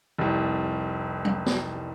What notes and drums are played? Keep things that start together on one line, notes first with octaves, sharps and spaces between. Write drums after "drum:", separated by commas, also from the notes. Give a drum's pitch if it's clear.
F1 C2
drum: tom F#3
drum: snare